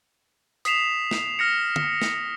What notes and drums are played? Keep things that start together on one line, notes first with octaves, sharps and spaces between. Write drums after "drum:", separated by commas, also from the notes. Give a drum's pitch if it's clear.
D#6 B6 C7 E7 F7, drum: hi-hat
drum: snare
F6 A#6 C#7
drum: tom
drum: snare